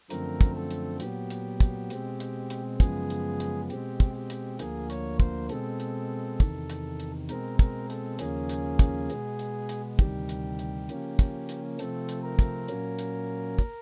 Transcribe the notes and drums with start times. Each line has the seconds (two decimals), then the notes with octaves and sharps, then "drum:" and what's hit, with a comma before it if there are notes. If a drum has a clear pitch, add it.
0.10 F#2 D3 F3 A3 C4 A#4, drum: hi-hat
0.41 drum: kick, hi-hat
0.56 A4
0.71 drum: hi-hat
1.00 A#2 F#3 B3 G4, drum: hi-hat
1.30 drum: hi-hat
1.60 drum: kick, hi-hat
1.90 B2 G#3 C4, drum: hi-hat
2.20 drum: hi-hat
2.50 drum: hi-hat
2.80 F#2 C#3 F3 G#3 B3 G#4, drum: kick, hi-hat
3.10 drum: hi-hat
3.40 drum: hi-hat
3.70 B2 G#3 C4 G4, drum: hi-hat
4.00 drum: kick, hi-hat
4.15 G4
4.30 drum: hi-hat
4.59 D2 D3 F3 A#3 G#4, drum: hi-hat
4.90 C#5, drum: hi-hat
5.20 C5, drum: kick, hi-hat
5.49 B2 G#3 C4 A4, drum: hi-hat
5.80 drum: hi-hat
6.40 E2 C3 D#3, drum: kick, hi-hat
6.70 drum: hi-hat
7.00 drum: hi-hat
7.29 B2 G#3 C4 A#4, drum: hi-hat
7.59 A#4, drum: kick, hi-hat
7.90 A4, drum: hi-hat
8.19 D#2 C#3 F3 A#3 C#4 G#4, drum: hi-hat
8.49 drum: hi-hat
8.79 drum: kick, hi-hat
9.10 B2 G#3 B3, drum: hi-hat
9.39 drum: hi-hat
9.69 drum: hi-hat
9.99 D2 C3 D#3 G3 G4, drum: kick, hi-hat
10.29 drum: hi-hat
10.59 drum: hi-hat
10.89 C#3 F3 A#3 C#4, drum: hi-hat
11.19 drum: kick, hi-hat
11.49 drum: hi-hat
11.79 C3 F3 A3 C4 A4, drum: hi-hat
12.09 drum: hi-hat
12.23 A#4
12.39 drum: kick, hi-hat
12.68 A#2 F#3 A#3 C#4, drum: hi-hat
12.99 drum: hi-hat
13.59 drum: kick, hi-hat